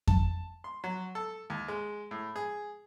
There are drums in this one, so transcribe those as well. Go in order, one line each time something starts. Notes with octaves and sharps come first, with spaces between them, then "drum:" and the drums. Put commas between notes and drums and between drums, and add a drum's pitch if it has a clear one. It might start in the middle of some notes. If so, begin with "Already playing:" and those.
A5, drum: kick F2
C6
F#3
A4
D#2
G#3
A2
G#4